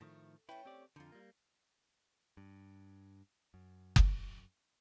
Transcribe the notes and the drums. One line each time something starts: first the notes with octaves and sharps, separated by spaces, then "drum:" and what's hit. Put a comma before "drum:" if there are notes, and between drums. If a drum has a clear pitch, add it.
A2 D#3 F3 A3
A3 C#4 E4 B4 G5
C4 G4 D5
F2 D3 D#4 F4
G3 A#3
G2
F#2
drum: kick F#1